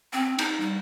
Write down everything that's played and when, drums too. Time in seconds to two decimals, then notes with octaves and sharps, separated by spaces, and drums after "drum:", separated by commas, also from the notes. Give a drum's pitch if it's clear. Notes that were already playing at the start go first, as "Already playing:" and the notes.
0.13 C4
0.39 D#4, drum: cymbal
0.60 G3